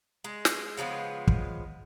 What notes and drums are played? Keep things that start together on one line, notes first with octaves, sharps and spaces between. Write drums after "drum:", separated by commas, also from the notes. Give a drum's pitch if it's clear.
G#3
drum: snare
C#3 F3 G#3 B3
drum: kick